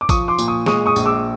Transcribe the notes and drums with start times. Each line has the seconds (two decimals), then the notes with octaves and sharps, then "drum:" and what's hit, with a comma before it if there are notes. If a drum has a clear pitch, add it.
0.01 D6
0.09 F3 C#6 D#6, drum: kick, tambourine
0.28 C6 D6
0.38 A#2, drum: tambourine
0.48 C#6 D#6
0.66 G#3 C#6 D#6, drum: snare
0.86 C#6 D#6
0.96 A#1, drum: tambourine
1.06 D6 E6